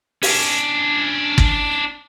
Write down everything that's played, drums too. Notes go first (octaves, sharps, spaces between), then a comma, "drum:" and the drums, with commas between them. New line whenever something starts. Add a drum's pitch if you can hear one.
C#4 D4, drum: open hi-hat
drum: kick